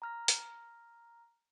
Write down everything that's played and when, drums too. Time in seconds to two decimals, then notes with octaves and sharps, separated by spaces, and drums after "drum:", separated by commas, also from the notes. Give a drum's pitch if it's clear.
0.02 A#5 F6 A#6
0.28 drum: hi-hat